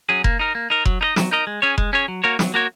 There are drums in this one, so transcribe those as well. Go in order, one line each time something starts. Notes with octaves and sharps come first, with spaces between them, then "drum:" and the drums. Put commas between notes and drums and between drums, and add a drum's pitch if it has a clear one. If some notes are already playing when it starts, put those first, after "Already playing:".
F#3 C#4 G#4
A#3, drum: kick F1
D#4 A#4
A#3
D#4 A#4
F#3, drum: kick F1
D#4 A#4 D#5
F#3, drum: snare
D#4 A#4 D#5
G#3
C#4 G#4 C#5
G#3, drum: kick F1
C#4 G#4 C#5
F#3
A#3 F#4 A#4 C#5
F#3, drum: snare
A#3 F#4 A#4 C#5